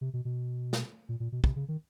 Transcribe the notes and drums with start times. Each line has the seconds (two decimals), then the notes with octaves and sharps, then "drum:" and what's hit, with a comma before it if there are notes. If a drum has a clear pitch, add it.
0.01 C3
0.14 B2
0.25 B2
0.73 drum: snare
1.09 A#2
1.20 A#2
1.32 B2
1.44 C3, drum: kick
1.56 C#3
1.68 D#3